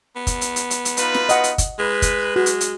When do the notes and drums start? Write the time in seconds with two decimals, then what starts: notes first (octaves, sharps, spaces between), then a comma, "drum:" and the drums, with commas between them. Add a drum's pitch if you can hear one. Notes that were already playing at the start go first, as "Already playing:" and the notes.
0.16 B3
0.27 drum: kick, hi-hat
0.41 drum: hi-hat
0.56 drum: hi-hat
0.71 drum: hi-hat
0.85 drum: hi-hat
0.97 D#4 F4 B4, drum: hi-hat
1.14 drum: snare
1.29 D#5 F#5, drum: hi-hat
1.44 drum: hi-hat
1.58 drum: kick, hi-hat
1.79 G#3 B4
2.02 drum: kick, hi-hat
2.36 G#3 F#4
2.46 drum: hi-hat
2.61 drum: hi-hat